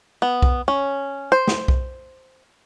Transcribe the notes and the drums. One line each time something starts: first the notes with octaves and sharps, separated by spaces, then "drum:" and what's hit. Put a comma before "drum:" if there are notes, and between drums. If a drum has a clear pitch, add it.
B3
drum: kick B1
C#4
C5
drum: snare
drum: kick B1